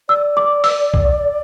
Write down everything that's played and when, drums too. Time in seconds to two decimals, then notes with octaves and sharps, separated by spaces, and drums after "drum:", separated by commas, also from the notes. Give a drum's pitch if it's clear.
0.09 D5 E6
0.37 D6
0.64 E6, drum: open hi-hat
0.94 drum: kick C2